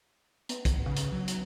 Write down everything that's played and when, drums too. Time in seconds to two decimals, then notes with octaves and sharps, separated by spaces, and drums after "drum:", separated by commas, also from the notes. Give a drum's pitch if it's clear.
0.49 B3, drum: hi-hat
0.65 drum: kick, hi-hat
0.86 C#3
0.97 drum: hi-hat
1.12 F#3
1.28 drum: hi-hat